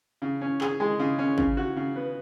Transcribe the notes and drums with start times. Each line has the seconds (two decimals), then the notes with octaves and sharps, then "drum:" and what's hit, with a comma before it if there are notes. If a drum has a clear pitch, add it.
0.22 C#3
0.41 C#4
0.61 G#4, drum: clap
0.80 G#3
0.99 C#3
1.19 C#4
1.38 C#3, drum: kick
1.57 F#4
1.76 C#3
1.96 B3